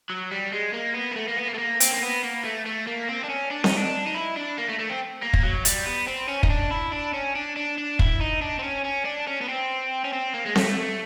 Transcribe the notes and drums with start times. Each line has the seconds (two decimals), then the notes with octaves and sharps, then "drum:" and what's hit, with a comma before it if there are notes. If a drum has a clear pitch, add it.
0.10 F#3
0.31 G3
0.52 G#3
0.73 A#3
0.94 B3
1.11 A#3
1.16 A3
1.28 A#3
1.37 B3
1.48 A#3
1.55 A3
1.59 A#3
1.80 C4, drum: hi-hat
1.91 A#3
2.01 B3
2.23 A#3
2.44 A3
2.66 A3
2.87 A#3
3.09 C4
3.24 D4
3.30 C#4
3.50 D4
3.64 D#4, drum: snare C4
3.77 D4
4.06 D#4
4.15 E4
4.36 D4
4.58 A#3
4.69 A3
4.79 A3
4.89 C4
5.22 A#3
5.33 drum: kick
5.43 F#3
5.65 G3, drum: hi-hat
5.86 B3
6.07 C4
6.28 C#4
6.43 D#4, drum: kick
6.50 D4
6.71 E4
6.92 D4
7.14 C#4
7.35 D4
7.56 D4
7.78 D4
7.99 E4, drum: kick
8.21 D#4
8.42 D4
8.59 C4
8.63 C#4
8.85 C#4
9.05 D4
9.27 C#4
9.41 B3
9.49 C4
10.05 C#4
10.13 C4
10.34 A#3
10.46 G#3
10.55 A3, drum: snare C4